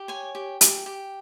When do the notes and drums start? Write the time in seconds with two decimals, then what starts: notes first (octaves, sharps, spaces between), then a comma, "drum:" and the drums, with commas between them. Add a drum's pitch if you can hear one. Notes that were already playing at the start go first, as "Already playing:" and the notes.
Already playing: G4
0.08 C#5 G#5
0.35 G4
0.61 G4, drum: hi-hat
0.86 G4